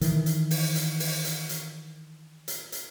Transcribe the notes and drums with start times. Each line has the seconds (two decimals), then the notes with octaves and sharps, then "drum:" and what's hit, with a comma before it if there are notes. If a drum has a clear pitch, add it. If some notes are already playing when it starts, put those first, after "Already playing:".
0.01 D#3 E3, drum: hi-hat
0.26 drum: hi-hat
0.51 drum: open hi-hat
0.75 drum: hi-hat
1.00 drum: open hi-hat
1.24 drum: hi-hat
1.49 drum: hi-hat
2.48 drum: hi-hat
2.72 drum: hi-hat